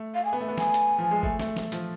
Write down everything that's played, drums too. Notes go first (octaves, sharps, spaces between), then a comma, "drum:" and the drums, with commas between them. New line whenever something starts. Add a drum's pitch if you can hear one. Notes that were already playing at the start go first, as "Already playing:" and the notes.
Already playing: A3
F5
G#5
B3
A3
B3
G#5, drum: snare
drum: hi-hat
F3
G#3
A3, drum: kick
A3, drum: snare
A3, drum: snare
F3, drum: hi-hat